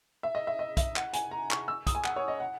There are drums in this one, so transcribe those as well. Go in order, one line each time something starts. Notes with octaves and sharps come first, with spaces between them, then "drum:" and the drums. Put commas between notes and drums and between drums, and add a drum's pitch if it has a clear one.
E5
D#5
E5
D#5
E5, drum: kick, hi-hat
F#5, drum: clap
G#5, drum: hi-hat
A#5
C#6, drum: clap
E6
D#6, drum: kick, hi-hat
G#5
F#5, drum: clap
C#5
D#5
F#5